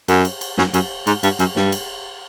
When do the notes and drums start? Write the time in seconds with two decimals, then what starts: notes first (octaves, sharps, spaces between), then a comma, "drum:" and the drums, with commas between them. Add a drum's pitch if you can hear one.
0.08 F#2, drum: cymbal
0.25 drum: cymbal
0.41 drum: cymbal
0.58 F#2, drum: snare
0.74 F#2, drum: cymbal
1.07 G#2, drum: cymbal
1.23 G2, drum: cymbal
1.39 F#2, drum: cymbal
1.56 G2, drum: snare
1.72 drum: cymbal